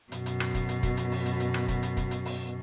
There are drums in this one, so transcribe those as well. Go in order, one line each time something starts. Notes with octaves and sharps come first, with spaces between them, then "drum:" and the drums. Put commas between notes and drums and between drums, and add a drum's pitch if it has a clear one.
F#2 B2, drum: hi-hat
drum: hi-hat
drum: rim click
drum: kick, hi-hat
drum: hi-hat
drum: kick, hi-hat
drum: hi-hat
drum: open hi-hat
drum: hi-hat
drum: hi-hat
drum: rim click
drum: kick, hi-hat
drum: hi-hat
drum: kick, hi-hat
drum: hi-hat
drum: open hi-hat